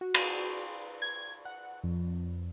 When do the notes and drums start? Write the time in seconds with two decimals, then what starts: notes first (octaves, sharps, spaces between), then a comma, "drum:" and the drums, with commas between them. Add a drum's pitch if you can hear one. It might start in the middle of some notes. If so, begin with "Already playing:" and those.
0.01 F#4
0.15 drum: cymbal
1.02 G#6
1.45 F#5
1.84 F2